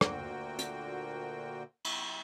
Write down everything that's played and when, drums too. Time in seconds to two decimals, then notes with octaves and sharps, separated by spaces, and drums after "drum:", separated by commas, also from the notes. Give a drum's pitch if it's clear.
0.01 D2 A#2 D3 A#3 F#4 G5, drum: rim click
0.59 drum: hi-hat
1.85 drum: cymbal